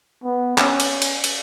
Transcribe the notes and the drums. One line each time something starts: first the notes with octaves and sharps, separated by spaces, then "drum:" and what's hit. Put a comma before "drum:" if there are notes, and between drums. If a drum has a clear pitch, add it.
B3
C#4, drum: clap
drum: cymbal
drum: cymbal
drum: cymbal